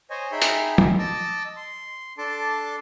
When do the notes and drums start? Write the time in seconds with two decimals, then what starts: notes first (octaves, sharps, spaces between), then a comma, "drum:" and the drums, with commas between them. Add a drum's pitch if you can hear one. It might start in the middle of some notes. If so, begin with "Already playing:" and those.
0.10 C5 C#5 D#5 G#5
0.32 D#4 G#4 E5 G5 B5 C6
0.42 drum: hi-hat
0.78 drum: tom
0.99 D#5 A5 D6 E6
1.57 C6
2.18 D4 A4 A5 C6 D6